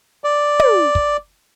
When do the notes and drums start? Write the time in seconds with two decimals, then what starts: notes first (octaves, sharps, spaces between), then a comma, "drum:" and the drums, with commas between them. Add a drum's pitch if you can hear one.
0.24 D5
0.60 drum: tom
0.95 drum: kick